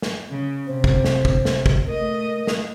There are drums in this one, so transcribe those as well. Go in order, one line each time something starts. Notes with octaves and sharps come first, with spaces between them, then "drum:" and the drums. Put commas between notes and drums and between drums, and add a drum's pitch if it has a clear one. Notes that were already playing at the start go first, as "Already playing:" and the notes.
drum: snare
C#3
C3 C5
drum: kick
drum: snare
drum: kick
drum: snare
drum: kick
A3 A#4 D#5
drum: snare